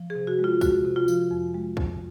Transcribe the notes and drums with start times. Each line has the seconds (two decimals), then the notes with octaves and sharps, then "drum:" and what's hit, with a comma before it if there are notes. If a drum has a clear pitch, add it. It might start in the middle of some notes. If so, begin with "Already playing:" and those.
Already playing: F3
0.10 G#4
0.15 C3
0.27 F#4
0.39 G#3
0.44 F4
0.61 G#3 F#4, drum: kick, tambourine
0.85 C3
0.96 F4
1.08 F3, drum: tambourine
1.31 F2
1.54 G#3
1.77 F2, drum: kick